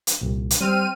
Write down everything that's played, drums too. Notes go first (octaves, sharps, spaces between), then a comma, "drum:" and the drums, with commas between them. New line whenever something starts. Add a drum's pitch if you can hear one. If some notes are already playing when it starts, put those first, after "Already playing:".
drum: hi-hat
C2 A#2
drum: hi-hat
G3 C4 F6 D#7